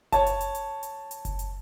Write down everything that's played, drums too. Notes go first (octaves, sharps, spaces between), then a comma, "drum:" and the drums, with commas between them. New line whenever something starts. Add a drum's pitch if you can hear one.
C#5 A5, drum: kick F#1, hi-hat
drum: hi-hat
drum: hi-hat
drum: hi-hat
drum: hi-hat
drum: hi-hat
drum: kick F#1, hi-hat
drum: hi-hat